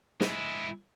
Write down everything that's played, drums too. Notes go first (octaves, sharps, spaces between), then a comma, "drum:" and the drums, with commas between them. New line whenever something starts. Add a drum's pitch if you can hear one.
G#3 E4, drum: snare